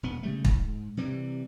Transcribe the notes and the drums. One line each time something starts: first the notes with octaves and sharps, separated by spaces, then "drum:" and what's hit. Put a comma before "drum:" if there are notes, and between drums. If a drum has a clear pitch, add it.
E1 B3
C#3 G3 A3
G#2, drum: kick
C3 E3 G3